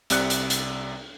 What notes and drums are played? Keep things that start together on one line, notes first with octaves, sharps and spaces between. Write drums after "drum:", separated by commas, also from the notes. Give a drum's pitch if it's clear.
C2 C3 D5 F#6 C#7, drum: hi-hat
drum: hi-hat
drum: hi-hat